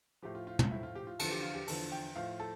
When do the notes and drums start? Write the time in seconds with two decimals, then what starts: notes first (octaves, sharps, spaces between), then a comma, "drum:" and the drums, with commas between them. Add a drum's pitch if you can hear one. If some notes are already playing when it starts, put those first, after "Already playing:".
0.22 A2 F3 G4
0.35 F4
0.47 F4
0.59 F4, drum: tom
0.71 A2 F3 E4
0.83 F4
0.95 G4
1.07 F4
1.19 E2 D3 F3 A4, drum: cymbal
1.31 G4
1.42 F4
1.55 G4
1.68 E2 D3 F3 A4, drum: open hi-hat
1.92 G5
2.15 A2 F3 F5
2.40 A4